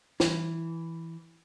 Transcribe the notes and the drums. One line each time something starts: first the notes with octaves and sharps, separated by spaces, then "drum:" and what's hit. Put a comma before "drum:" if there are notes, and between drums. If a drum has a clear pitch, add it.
E3, drum: snare